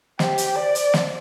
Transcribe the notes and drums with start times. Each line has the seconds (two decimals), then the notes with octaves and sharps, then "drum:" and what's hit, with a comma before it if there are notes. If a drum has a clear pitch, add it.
0.19 G4 C5, drum: snare
0.38 drum: hi-hat
0.56 D5
0.75 drum: hi-hat
0.94 drum: snare